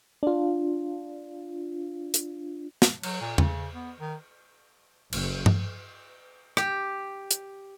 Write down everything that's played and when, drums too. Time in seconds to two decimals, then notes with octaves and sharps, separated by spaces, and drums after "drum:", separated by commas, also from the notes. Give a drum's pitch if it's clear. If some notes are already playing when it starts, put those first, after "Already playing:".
0.23 D4 F4
2.14 drum: hi-hat
2.82 drum: snare
3.03 F#3, drum: cymbal
3.21 A#2
3.38 C#3, drum: tom E2
3.75 B3
4.00 D#3
5.13 F#1, drum: cymbal
5.46 drum: tom G2
6.57 G4, drum: rim click
7.31 drum: hi-hat